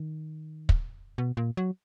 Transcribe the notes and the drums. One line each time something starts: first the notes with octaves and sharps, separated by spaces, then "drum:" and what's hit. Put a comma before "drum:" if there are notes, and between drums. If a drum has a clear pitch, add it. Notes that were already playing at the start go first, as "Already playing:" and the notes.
Already playing: D#3
drum: kick
B2
A#2
F#3